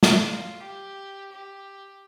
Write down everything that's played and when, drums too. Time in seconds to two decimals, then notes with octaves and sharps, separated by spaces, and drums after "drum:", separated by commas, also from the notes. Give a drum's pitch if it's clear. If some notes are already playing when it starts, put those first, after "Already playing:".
0.03 drum: snare
0.25 F4
0.60 G4
1.31 G4